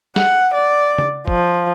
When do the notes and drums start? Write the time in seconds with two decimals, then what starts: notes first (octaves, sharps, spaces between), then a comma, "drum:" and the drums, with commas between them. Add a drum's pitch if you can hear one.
0.16 F#5, drum: snare
0.54 D5
0.98 drum: tom C#3
1.28 F3, drum: kick